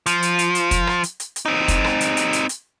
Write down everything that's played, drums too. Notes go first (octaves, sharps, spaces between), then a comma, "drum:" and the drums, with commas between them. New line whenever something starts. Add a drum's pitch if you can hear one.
F3, drum: hi-hat
drum: hi-hat
drum: hi-hat
drum: hi-hat
drum: kick, hi-hat
drum: rim click
drum: hi-hat
drum: hi-hat
drum: hi-hat
C4 D#4
drum: kick, hi-hat
drum: rim click
drum: hi-hat
drum: hi-hat
drum: hi-hat
drum: hi-hat